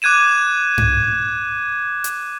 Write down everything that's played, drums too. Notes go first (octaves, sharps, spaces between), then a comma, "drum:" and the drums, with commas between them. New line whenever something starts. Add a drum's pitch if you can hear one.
D6 F#6 G#6 D#7 E7
drum: tom G2
drum: hi-hat